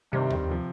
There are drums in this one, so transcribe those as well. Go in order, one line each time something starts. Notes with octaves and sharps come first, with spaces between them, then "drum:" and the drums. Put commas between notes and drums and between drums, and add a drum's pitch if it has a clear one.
G2 C3 D#3 G3 C4 D#4
drum: tom D#2
C3 F3